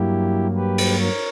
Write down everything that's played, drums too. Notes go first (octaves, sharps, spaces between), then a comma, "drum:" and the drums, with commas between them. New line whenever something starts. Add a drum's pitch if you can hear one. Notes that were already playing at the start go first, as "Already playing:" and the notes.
Already playing: G2 F#3 A#3 E4 G4
G4 B4
drum: cymbal
A#4 C#5